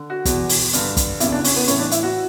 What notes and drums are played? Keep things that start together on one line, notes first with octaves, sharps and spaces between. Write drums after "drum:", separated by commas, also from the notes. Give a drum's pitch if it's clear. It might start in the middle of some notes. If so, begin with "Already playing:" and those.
Already playing: D3
F#4
E2 B2, drum: kick, hi-hat
drum: open hi-hat
G2 D3, drum: hi-hat
drum: kick, hi-hat
E2 C#3 E3 E4, drum: hi-hat
D4
C#4, drum: open hi-hat
B3
A2 E3 C#4, drum: hi-hat
D4
E4, drum: hi-hat
F#4